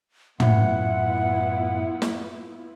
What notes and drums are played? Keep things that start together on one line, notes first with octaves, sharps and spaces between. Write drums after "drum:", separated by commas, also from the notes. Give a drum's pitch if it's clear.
F#2 A2 B3 E4 F4 E5 F#5, drum: tom
drum: snare